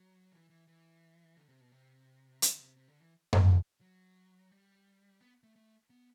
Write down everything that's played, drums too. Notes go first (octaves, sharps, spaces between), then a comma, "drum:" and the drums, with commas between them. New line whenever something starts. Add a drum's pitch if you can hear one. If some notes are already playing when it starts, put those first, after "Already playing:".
Already playing: F#3
E3
E3
E3
D3
C3
B2
C3
D3, drum: hi-hat
C3
C3
D3
E3
drum: tom F#2
F#3
G3
B3
A3
A3
B3